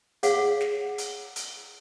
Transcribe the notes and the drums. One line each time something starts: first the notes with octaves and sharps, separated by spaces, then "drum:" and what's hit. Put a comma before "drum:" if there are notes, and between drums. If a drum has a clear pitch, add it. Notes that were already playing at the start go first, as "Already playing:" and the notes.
G#4 C#5 F5 F#5, drum: hi-hat
drum: snare
drum: hi-hat
drum: hi-hat